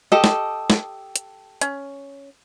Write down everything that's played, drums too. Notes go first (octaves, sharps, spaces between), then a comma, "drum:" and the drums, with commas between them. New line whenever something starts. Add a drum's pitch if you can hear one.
G4 A4 D#5
drum: snare
drum: snare
drum: hi-hat
C#4, drum: hi-hat